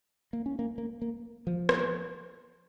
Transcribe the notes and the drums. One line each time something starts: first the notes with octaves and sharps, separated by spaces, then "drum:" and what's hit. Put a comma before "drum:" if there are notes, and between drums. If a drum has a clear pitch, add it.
A#3
C#4
A#3
A#3
A#3
F3
drum: rim click